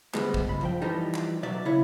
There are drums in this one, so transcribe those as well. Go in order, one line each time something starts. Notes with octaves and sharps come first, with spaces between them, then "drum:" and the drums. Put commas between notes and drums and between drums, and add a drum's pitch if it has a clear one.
D2 G3 G#3 B3, drum: clap
drum: kick
C#2 B5
F3 G5
E3 F3 G3 D#4 A4
drum: clap
B1 F#3 D5 E5
C#3 E4 C#5